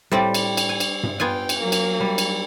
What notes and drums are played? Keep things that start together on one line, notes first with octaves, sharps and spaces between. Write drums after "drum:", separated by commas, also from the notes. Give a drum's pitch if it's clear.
A2 G3 C4 D5
drum: cymbal
drum: cymbal
G#5
drum: cymbal
drum: tom G2
B3 F4 G5 G#5
drum: cymbal
F#3 A#3
drum: cymbal
G3
drum: cymbal